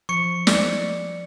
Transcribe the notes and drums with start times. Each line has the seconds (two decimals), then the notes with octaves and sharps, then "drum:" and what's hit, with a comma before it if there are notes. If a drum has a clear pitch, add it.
0.09 F3 C#6 C#7
0.47 D5, drum: snare